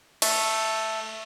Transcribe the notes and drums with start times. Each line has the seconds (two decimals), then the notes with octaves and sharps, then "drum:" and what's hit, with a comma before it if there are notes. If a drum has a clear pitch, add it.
0.22 A3, drum: cymbal